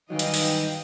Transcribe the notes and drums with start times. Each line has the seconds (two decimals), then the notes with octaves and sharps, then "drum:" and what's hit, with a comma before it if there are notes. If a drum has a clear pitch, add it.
0.10 G2 D#3 E3 F#3 D#4 D#5 F5 G5
0.19 drum: hi-hat
0.34 drum: open hi-hat